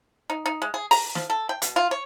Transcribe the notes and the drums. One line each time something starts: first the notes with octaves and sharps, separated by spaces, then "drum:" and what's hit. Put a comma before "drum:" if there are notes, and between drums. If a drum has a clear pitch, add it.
D#4
D#4
G#3
G#4
A#5, drum: open hi-hat
F3, drum: snare
A4
G5
B2, drum: hi-hat
F4
C#5